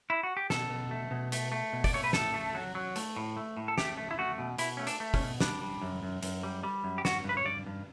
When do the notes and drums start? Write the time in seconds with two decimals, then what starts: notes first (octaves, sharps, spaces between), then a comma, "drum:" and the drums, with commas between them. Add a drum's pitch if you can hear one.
0.10 E4
0.23 F#4
0.37 G4
0.50 B2 A4, drum: snare
0.70 B2
0.91 A3
1.11 B2
1.32 A3, drum: hi-hat
1.52 A3
1.73 B2
1.84 D5, drum: kick, open hi-hat
1.93 A3 C#5
2.04 B4
2.13 A2 A4, drum: snare
2.34 A3
2.55 F#3
2.75 F#3
2.96 A3, drum: hi-hat
3.16 A2
3.37 A3
3.57 A2
3.68 A4
3.78 A3 G4, drum: snare
3.97 A3
4.11 E4
4.18 A3 F#4
4.38 B2
4.58 B2 E4, drum: hi-hat
4.77 A3 C#4
4.87 D4, drum: hi-hat
5.00 A3
5.14 C#4, drum: kick, open hi-hat
5.20 B2
5.41 G3 D4, drum: snare
5.61 G3
5.82 F#2
6.03 F#2
6.23 F#2, drum: hi-hat
6.43 G3
6.63 G3
6.84 F#2
6.98 G4
7.05 G2 F#4, drum: snare
7.24 G2 B4
7.37 C#5
7.45 G2 D5
7.66 G2